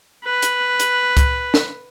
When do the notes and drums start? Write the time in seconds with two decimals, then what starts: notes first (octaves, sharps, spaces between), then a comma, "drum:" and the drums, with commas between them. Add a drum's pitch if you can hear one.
0.24 B4
0.42 drum: hi-hat
0.80 drum: hi-hat
1.17 drum: kick C#2, hi-hat
1.54 drum: snare